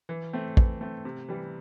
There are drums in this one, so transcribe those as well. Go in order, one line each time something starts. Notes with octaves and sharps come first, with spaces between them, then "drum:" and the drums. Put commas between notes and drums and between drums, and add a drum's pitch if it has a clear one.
E3
A3 C4
E3, drum: kick
A3 C4
C3
E3 G3